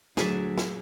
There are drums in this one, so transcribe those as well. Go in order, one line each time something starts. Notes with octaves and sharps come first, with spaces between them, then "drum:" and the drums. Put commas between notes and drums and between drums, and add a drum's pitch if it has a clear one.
D2 F#3 G#4 D5 E5, drum: snare
drum: snare